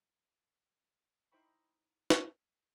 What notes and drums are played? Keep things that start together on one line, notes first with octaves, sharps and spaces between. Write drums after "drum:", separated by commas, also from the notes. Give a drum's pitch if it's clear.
D#4 E4 C5 G5 B5 C#6
drum: snare